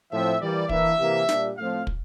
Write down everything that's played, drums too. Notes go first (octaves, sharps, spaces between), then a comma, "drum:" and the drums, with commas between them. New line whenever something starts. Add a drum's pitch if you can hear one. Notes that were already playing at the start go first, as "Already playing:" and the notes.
A2 F3 C4 E5
E3 G3 A#3 D5
E3 A#3 D4 E5, drum: kick
C3 E3 A#3
A#2 G3 D4, drum: snare
A2 F3 C4 F5
drum: kick